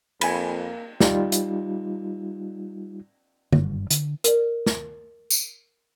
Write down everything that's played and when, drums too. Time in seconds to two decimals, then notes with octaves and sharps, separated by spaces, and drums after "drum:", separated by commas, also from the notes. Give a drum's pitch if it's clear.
0.21 F2 A#3 G#5 B5, drum: cymbal
1.00 G3 D#4 F4, drum: snare
1.32 drum: hi-hat
3.53 F#1 G2, drum: tom D3
3.90 D3, drum: hi-hat
4.24 A#4 D5, drum: hi-hat
4.66 drum: snare
5.30 drum: tambourine